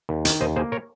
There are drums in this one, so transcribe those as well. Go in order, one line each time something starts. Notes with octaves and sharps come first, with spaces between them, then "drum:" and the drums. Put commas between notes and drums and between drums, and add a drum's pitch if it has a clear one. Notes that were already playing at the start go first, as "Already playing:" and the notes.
D#2
D#3, drum: hi-hat
D#2 C5 D#5
A#3 G#4 C5
A#4 C#5